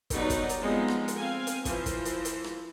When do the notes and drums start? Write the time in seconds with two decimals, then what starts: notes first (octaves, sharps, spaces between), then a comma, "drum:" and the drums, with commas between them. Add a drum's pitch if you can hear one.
0.10 F#3 G3 B3 D#4 C#5 D5, drum: kick, hi-hat
0.30 drum: kick, hi-hat
0.49 drum: hi-hat
0.61 F3 G#3 B3 C4 D#4
0.88 drum: rim click
1.08 drum: hi-hat
1.18 C4 F5 G#5
1.47 drum: hi-hat
1.65 E3 F3 C5, drum: kick, hi-hat
1.86 drum: kick, hi-hat
2.05 drum: hi-hat
2.25 drum: hi-hat
2.44 drum: rim click